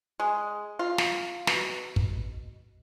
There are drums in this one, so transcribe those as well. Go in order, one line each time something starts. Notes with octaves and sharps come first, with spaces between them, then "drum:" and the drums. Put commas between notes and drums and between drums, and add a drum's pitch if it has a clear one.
G#3
F4
drum: snare
B2, drum: snare
drum: kick